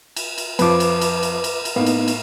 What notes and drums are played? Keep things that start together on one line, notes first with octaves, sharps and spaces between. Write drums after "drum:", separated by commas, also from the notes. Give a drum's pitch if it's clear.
drum: cymbal
drum: cymbal
F2 F3 F4 B4 D6, drum: cymbal
drum: cymbal
drum: cymbal
drum: cymbal
drum: cymbal
drum: cymbal
A2 A#3 B3 D#4
drum: cymbal
drum: cymbal